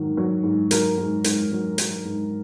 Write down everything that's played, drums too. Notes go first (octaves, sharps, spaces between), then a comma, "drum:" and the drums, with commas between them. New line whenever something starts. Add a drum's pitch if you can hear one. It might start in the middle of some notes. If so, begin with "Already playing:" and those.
Already playing: G#2 D#3 F#3
F#3
G#2
F#3 A#4, drum: hi-hat
G#2
G#2, drum: hi-hat
F#3
F#3, drum: hi-hat
G#2